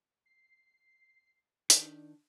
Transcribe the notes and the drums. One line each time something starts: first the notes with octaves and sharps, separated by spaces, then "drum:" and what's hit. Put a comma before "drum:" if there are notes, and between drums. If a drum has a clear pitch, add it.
C7
D#3 D4, drum: hi-hat